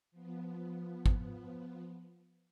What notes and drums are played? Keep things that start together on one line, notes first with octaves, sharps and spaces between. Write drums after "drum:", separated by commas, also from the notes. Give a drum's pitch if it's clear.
F3 B3
drum: kick